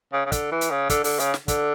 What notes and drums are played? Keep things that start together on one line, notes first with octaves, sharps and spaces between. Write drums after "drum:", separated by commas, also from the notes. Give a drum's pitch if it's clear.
C#3
C#3
D3, drum: kick, hi-hat
E3
drum: hi-hat
C#3
D3, drum: kick, hi-hat
D3, drum: open hi-hat
C#3, drum: hi-hat
drum: snare
D3, drum: kick, hi-hat